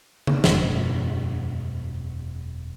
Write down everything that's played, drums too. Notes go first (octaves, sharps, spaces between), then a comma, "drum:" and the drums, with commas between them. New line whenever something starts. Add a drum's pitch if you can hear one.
drum: tom C#3
E1 F#2, drum: snare